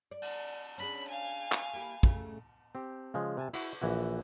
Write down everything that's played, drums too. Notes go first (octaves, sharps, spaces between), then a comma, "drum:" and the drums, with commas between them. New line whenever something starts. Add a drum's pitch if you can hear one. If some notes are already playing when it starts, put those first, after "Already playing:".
D5
drum: cymbal
C#4 D4 G#4 B5
F5 G#5
drum: clap
A#3 E4 G4
C#3 A3, drum: kick
C4 G4
C#3 F3 G#3
C3 G#5 A5
E4 F#4, drum: cymbal
A#1 E3 E4 F#4